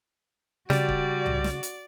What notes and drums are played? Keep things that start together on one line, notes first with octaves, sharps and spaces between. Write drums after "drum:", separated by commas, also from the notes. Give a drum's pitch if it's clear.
C#3 G3 F#4 D5, drum: snare
drum: kick
drum: tom C2
drum: snare
drum: hi-hat